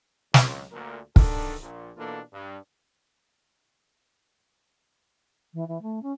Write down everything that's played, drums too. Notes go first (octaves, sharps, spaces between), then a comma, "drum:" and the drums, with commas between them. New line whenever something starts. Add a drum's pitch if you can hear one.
C#2, drum: snare
D2 A#2 A#4
D3 D#3 D4 A4, drum: kick
A#1 A#2
B2 E3 A#3 D4 F4 A4
G2
E3
E3
A3
C#4